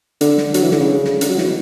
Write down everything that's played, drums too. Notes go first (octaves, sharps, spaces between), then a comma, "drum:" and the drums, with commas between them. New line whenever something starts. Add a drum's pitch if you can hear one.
D3, drum: hi-hat
drum: snare
F#3, drum: hi-hat
E3
D3, drum: snare
C#3
drum: snare
D3, drum: hi-hat
F#3
E3, drum: snare
B2